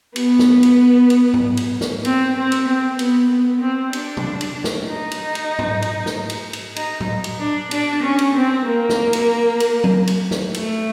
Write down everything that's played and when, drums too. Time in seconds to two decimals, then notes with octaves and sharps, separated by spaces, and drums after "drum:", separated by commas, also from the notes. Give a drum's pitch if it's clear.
0.16 B3, drum: cymbal
0.39 drum: snare
0.63 drum: cymbal
1.10 drum: cymbal
1.34 drum: tom G#2
1.57 drum: cymbal
1.81 drum: snare
2.05 C4, drum: cymbal
2.37 C4
2.52 drum: cymbal
2.68 C4
2.99 B3, drum: cymbal
3.30 B3
3.61 C4
3.93 D4, drum: cymbal
4.17 drum: tom B2
4.41 drum: cymbal
4.64 drum: snare
4.88 D#4
5.11 drum: cymbal
5.35 drum: cymbal
5.59 drum: tom G#2
5.82 drum: cymbal
6.06 drum: snare
6.30 drum: cymbal
6.53 drum: cymbal
6.76 D#4, drum: cymbal
7.00 drum: tom A2
7.24 drum: cymbal
7.40 D4
7.71 D4, drum: cymbal
8.03 C#4
8.18 drum: cymbal
8.35 C4
8.65 A#3
8.89 drum: snare
9.13 drum: cymbal
9.60 drum: cymbal
9.84 drum: tom F#3
10.07 drum: cymbal
10.31 drum: snare
10.54 A3, drum: cymbal